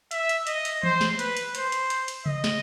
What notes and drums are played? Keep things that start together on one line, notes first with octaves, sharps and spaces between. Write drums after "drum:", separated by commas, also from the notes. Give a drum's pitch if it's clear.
E5, drum: hi-hat
drum: hi-hat
D#5, drum: hi-hat
drum: hi-hat
C5, drum: tom E3
drum: snare
B4, drum: hi-hat
drum: hi-hat
C5, drum: hi-hat
drum: hi-hat
drum: hi-hat
drum: hi-hat
D#5, drum: tom C#3
drum: snare